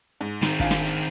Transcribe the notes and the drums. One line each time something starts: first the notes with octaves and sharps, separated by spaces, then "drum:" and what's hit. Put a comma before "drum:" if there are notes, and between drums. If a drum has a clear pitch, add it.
G#2
D#3 C4, drum: snare
D4 F4 G#4, drum: kick, hi-hat
drum: snare
drum: hi-hat